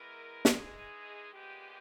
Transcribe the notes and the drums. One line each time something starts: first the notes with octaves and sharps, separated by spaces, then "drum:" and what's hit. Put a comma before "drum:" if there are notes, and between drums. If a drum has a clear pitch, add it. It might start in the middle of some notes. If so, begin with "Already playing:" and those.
Already playing: E3 G#3 B3 E4 A#4
E3 G#3 D#4 G#4, drum: snare
A#2 G#3 B3 G4